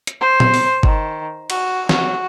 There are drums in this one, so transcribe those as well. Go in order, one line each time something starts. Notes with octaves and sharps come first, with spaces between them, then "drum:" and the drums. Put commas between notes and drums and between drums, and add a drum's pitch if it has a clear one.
drum: hi-hat
C5
drum: tom A#2
drum: open hi-hat
D#3, drum: kick G1
F#4, drum: cymbal
F#4, drum: snare